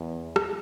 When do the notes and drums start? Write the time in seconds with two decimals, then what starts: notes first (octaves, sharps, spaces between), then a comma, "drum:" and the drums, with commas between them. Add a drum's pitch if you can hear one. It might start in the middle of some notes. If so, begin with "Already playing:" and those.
Already playing: E2
0.36 drum: rim click